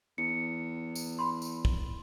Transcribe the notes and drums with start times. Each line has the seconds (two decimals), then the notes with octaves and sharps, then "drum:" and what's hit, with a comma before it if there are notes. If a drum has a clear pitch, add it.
0.18 E2 C#7
0.96 drum: tambourine
1.19 B5 C6
1.42 drum: tambourine
1.65 drum: kick